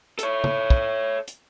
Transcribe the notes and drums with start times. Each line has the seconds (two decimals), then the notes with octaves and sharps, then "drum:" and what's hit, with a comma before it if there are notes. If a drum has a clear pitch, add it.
0.19 A4 C#5, drum: hi-hat
0.44 drum: tom
0.70 drum: kick
1.28 drum: hi-hat